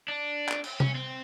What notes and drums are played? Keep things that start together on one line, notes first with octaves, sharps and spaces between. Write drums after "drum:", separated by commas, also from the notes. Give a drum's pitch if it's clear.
D4
drum: clap
drum: cymbal
C#4, drum: tom C3
C4